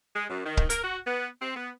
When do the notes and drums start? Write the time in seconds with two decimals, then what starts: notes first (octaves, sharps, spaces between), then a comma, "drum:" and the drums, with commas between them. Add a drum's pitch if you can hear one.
0.16 G#3
0.30 F#2
0.46 D#3
0.57 drum: kick
0.70 A#4, drum: hi-hat
0.84 F#4
1.07 B3
1.42 C4
1.56 B3